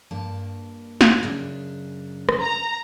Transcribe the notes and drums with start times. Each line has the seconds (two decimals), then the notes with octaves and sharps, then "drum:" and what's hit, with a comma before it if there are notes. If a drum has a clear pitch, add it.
0.11 G2 A#3 A5
1.01 drum: snare
1.23 F#2 C#3 D4
2.29 drum: rim click
2.41 A#5